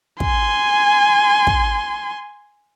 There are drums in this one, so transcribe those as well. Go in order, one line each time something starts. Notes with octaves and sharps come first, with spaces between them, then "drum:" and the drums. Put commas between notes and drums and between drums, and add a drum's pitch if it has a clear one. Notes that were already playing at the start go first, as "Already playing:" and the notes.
G#5 C6, drum: kick
drum: kick